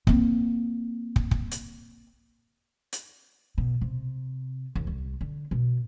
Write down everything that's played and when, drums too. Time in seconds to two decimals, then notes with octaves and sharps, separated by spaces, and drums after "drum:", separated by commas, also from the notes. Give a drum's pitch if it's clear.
0.07 A#3 C4, drum: kick
1.16 drum: kick
1.31 drum: kick
1.51 drum: hi-hat
2.93 drum: hi-hat
3.58 B2
3.81 C3
4.76 D#2
4.87 C2
5.21 D3
5.51 B2